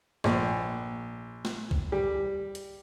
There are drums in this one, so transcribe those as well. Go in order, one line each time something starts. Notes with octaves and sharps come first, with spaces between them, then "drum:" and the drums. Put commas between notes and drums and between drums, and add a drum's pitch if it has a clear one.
A#1, drum: snare
drum: snare
drum: kick B1
G3
drum: hi-hat